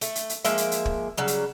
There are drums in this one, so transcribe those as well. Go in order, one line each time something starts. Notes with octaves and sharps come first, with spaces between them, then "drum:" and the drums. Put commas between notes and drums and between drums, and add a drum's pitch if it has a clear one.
A3, drum: hi-hat
drum: hi-hat
drum: hi-hat
F3 G#3 A#3 E5, drum: hi-hat
drum: hi-hat
drum: hi-hat
drum: kick
C#3 F#3 G3
drum: hi-hat